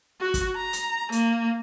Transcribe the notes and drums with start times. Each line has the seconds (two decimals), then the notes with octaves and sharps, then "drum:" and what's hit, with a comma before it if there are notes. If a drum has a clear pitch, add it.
0.21 F#4
0.34 drum: kick, hi-hat
0.56 A#5
0.73 drum: hi-hat
1.12 A#3, drum: hi-hat